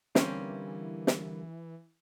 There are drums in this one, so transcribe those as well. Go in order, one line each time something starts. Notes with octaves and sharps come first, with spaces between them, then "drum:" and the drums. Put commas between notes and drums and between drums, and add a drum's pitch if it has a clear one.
D3 E3 G3 A#3 C4 C#4, drum: snare
drum: snare